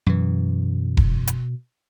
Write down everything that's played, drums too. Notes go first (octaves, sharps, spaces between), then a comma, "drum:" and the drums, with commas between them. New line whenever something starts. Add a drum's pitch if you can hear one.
F#2 B2 E3
drum: kick E1
drum: hi-hat